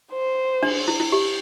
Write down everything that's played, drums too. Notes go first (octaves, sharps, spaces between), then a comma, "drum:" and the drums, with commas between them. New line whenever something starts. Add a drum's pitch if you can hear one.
C5
D4, drum: cymbal
E4
E4
G4